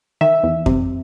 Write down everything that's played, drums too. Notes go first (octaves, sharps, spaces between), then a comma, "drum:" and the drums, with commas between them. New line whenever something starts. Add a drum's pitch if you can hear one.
D#3 E5
E2
C3, drum: kick F2